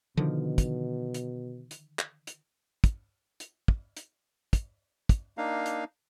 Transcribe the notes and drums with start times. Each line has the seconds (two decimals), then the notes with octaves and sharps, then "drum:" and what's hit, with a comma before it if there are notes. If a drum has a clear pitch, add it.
0.17 B2 D3 D#3 F3
0.58 drum: kick, hi-hat
1.14 drum: hi-hat
1.71 drum: hi-hat
1.99 drum: clap
2.27 drum: hi-hat
2.84 drum: kick, hi-hat
3.40 drum: hi-hat
3.68 drum: kick
3.97 drum: hi-hat
4.53 drum: kick, hi-hat
5.09 drum: kick, hi-hat
5.38 A#3 D4 D#4 F5
5.66 drum: hi-hat